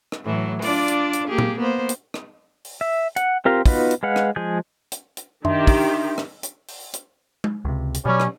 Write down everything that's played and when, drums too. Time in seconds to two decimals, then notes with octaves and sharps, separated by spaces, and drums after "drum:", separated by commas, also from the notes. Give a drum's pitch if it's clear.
0.12 drum: rim click
0.24 A2 E3 F#3
0.62 D4 F4 D5, drum: open hi-hat
0.88 drum: hi-hat
1.13 drum: hi-hat
1.28 A#3 G4 G#4
1.38 drum: tom A#2
1.58 A#3 B3 C5
1.89 drum: hi-hat
2.14 drum: rim click
2.65 drum: open hi-hat
2.81 E5
3.16 F#5, drum: hi-hat
3.45 C4 F4 G4 A#4 F5
3.66 B3 D#4 F4 F#4 B4, drum: kick, open hi-hat
3.91 drum: hi-hat
4.03 G#3 B4 F5 F#5
4.16 drum: rim click
4.36 F3 G#3 G#4 G6
4.92 drum: hi-hat
5.17 drum: hi-hat
5.45 D#3 D4 G4 E5 C6, drum: tom F#2
5.67 drum: kick, open hi-hat
6.18 drum: rim click
6.43 drum: hi-hat
6.68 drum: open hi-hat
6.94 drum: hi-hat
7.44 drum: tom G#3
7.65 C#2 C3
7.94 drum: hi-hat
8.05 B2 F#3 G3 C#4
8.20 drum: rim click